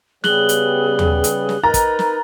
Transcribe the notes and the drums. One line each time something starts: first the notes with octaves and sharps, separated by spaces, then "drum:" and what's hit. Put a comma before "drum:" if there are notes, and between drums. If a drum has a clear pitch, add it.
C#3 G3 B3 G#4 F#6 F#7 G7, drum: snare
drum: hi-hat
drum: tom
drum: hi-hat
drum: snare
D#4 A#4 B4 A#5 A6
drum: kick, hi-hat
drum: snare